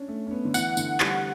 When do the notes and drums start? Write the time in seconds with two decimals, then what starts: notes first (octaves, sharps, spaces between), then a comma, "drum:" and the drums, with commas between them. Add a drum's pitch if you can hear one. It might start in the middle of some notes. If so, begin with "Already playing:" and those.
Already playing: C#4 D4
0.08 A3
0.27 C#4
0.31 B3
0.45 D3
0.54 E3 F#5, drum: tambourine
0.77 D3, drum: tambourine
1.00 G3, drum: clap